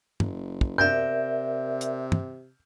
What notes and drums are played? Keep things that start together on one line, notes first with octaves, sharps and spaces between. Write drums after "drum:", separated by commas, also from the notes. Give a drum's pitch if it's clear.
F#1, drum: tom
drum: kick
C3 A#4 D5 E5 G6
drum: hi-hat
drum: tom